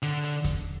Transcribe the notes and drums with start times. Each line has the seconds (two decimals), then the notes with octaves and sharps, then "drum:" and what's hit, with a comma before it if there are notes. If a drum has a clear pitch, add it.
0.03 D3, drum: hi-hat
0.24 drum: hi-hat
0.44 drum: kick E2, hi-hat